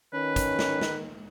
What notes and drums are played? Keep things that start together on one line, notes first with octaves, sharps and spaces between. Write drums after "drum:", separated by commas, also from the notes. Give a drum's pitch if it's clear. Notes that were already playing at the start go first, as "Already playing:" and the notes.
D#3 C#4 B4
drum: kick, hi-hat
drum: snare
drum: snare